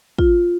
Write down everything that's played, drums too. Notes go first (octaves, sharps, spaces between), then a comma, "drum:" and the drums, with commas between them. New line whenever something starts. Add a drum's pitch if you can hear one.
F4, drum: kick